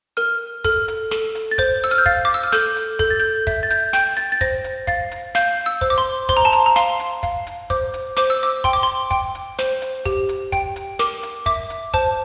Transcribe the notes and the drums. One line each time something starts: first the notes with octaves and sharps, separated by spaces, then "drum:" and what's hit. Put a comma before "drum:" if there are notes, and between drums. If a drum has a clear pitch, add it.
A#4 F6
A4 F6, drum: kick, hi-hat
drum: hi-hat
A4, drum: snare
drum: hi-hat
A6
C5 G6, drum: kick, hi-hat
E6, drum: hi-hat
F6
G6
F5 A6, drum: kick, hi-hat
D6
E6
F6
A4 G6, drum: snare
drum: hi-hat
A4 G6, drum: kick, hi-hat
A6
G6
E5 G6, drum: kick, hi-hat
A6
G6, drum: hi-hat
G5 G6, drum: snare
A6, drum: hi-hat
A6
C5 A#6, drum: kick, hi-hat
drum: hi-hat
F5 A6, drum: kick, hi-hat
drum: hi-hat
F5 G6, drum: snare
E6
C5, drum: kick, hi-hat
D6
C6
C5 C6, drum: kick, hi-hat
A#5
A5
A#5, drum: hi-hat
A#5
F5 C6, drum: snare
drum: hi-hat
F5, drum: kick, hi-hat
drum: hi-hat
C5 D6, drum: kick, hi-hat
drum: hi-hat
C5 D6, drum: snare
E6
D6, drum: hi-hat
G5 C6, drum: kick, hi-hat
D6
C6
G5, drum: kick, hi-hat
drum: hi-hat
C5, drum: snare
drum: hi-hat
G4, drum: kick, hi-hat
drum: hi-hat
G5, drum: kick, hi-hat
drum: hi-hat
A#4 D6, drum: snare
drum: hi-hat
E5 D6, drum: kick, hi-hat
drum: hi-hat
C5 A5, drum: kick, hi-hat